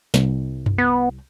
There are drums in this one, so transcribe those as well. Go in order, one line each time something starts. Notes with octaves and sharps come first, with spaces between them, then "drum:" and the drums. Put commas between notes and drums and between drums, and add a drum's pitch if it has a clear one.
C2, drum: snare
drum: tom F#2
B3